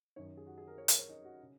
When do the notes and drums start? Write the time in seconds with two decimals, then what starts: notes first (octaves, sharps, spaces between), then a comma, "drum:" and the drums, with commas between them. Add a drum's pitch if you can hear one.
0.16 F#2 D#3 C#5
0.37 G#4
0.47 F#4
0.58 G#4
0.68 A#4
0.78 C#5
0.88 A#4, drum: hi-hat
0.99 C#5
1.09 D#4
1.25 F#4
1.43 C#3